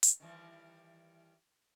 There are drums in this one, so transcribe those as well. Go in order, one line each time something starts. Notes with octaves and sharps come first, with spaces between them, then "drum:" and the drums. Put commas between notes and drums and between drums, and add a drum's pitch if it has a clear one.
drum: hi-hat
D#3 E3 G3